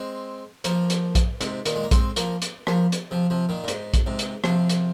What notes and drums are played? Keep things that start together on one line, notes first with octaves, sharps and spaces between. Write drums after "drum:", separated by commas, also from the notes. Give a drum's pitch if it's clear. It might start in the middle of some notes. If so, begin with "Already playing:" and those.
Already playing: G#3 C4
F3 A#3, drum: hi-hat
drum: hi-hat
drum: kick A#1, hi-hat
G#2 C3, drum: hi-hat
A#2 D#3, drum: hi-hat
G#3
A#3
G#3 C4, drum: kick A#1, hi-hat
F3 A#3, drum: hi-hat
drum: hi-hat
F3 A#3, drum: rim click
drum: hi-hat
C3 F3
C3 F3
A#2 D#3
A#2
G#2, drum: hi-hat
drum: kick A#1, hi-hat
G#2 C3
drum: hi-hat
C3 F3, drum: rim click
drum: hi-hat